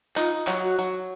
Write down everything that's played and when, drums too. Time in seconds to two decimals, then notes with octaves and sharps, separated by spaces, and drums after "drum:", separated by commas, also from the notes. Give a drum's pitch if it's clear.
0.16 D#4 F4, drum: clap
0.47 F#3, drum: clap
0.63 F#4
0.79 F#3, drum: hi-hat